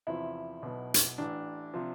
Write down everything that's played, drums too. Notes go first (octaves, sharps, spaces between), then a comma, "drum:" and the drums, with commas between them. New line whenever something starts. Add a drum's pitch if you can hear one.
E2 C3 F3 E4
B1 B2
drum: hi-hat
A1 A2 E3 D4
C3 F3